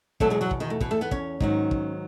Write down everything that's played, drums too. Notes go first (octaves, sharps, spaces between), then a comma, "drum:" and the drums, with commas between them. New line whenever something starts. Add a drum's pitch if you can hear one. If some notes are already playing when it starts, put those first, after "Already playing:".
E2 B2 F#3 A3 A4, drum: kick
G#3 G#4
F#3 F#4
drum: kick
D#3 D#4
A3
B2 B3, drum: kick
A3 A4
B3 B4
C#4 C#5, drum: kick
G#2 D#3 F#3, drum: kick
drum: kick